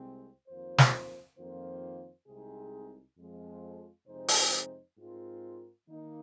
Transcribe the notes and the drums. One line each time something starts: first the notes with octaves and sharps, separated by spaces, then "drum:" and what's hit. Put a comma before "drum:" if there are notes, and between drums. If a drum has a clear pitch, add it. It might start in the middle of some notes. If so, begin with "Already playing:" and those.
Already playing: C2 C3 G#3 C4
F2 D#3 A#3 F4 C5
drum: snare
F2 D#3 A#3 F4 C5
C2 C3 G#3 D#4 G#4
F2 F3 G#3
F2 C3 G#3 D#4 C5
drum: open hi-hat
G#2 G#3 C4 F4 A#4
D#3 A#3 D#4